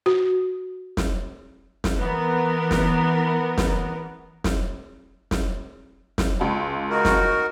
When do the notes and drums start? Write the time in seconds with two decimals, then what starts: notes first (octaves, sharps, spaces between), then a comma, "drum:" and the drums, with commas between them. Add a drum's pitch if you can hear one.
0.06 F#4
0.97 drum: snare
1.84 drum: snare
1.97 E3 B3 A#4
2.71 drum: snare
3.58 drum: snare
4.44 drum: snare
5.31 drum: snare
6.18 drum: snare
6.40 C#2 A5
6.90 D#4 F#4 A#4
7.05 drum: snare